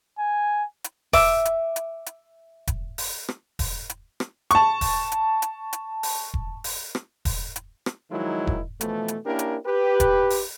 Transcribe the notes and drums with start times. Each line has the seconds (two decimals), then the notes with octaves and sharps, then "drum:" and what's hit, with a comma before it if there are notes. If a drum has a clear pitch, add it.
0.19 G#5
0.84 drum: hi-hat
1.13 E5 D6, drum: kick E1, open hi-hat
1.45 drum: hi-hat
1.76 drum: hi-hat
2.06 drum: hi-hat
2.67 drum: kick E1, hi-hat
2.98 drum: open hi-hat
3.29 drum: rim click
3.59 drum: kick E1, open hi-hat
3.90 drum: hi-hat
4.20 drum: rim click
4.51 A5 C#6, drum: hi-hat
4.81 drum: kick E1, open hi-hat
5.12 drum: hi-hat
5.42 drum: hi-hat
5.73 drum: hi-hat
6.03 drum: open hi-hat
6.34 drum: kick E1
6.64 drum: open hi-hat
6.95 drum: rim click
7.25 drum: kick E1, open hi-hat
7.56 drum: hi-hat
7.86 drum: rim click
8.11 D#3 F3 F#3 G#3 D#4 E4
8.47 drum: kick E1
8.81 B2 E3 F3 A3, drum: hi-hat
9.08 drum: hi-hat
9.26 A#3 C#4 D4 E4 G4 A#4
9.39 drum: hi-hat
9.66 G4 B4
10.00 drum: kick E1, hi-hat
10.30 drum: open hi-hat